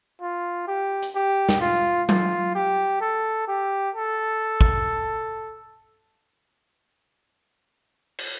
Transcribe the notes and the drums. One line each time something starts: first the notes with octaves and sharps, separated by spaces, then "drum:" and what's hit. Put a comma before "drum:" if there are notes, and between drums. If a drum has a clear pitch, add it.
F4
G4
drum: hi-hat
G4
drum: snare
F4
F4, drum: tom F#3
G4
A4
G4
A4
drum: kick
drum: cymbal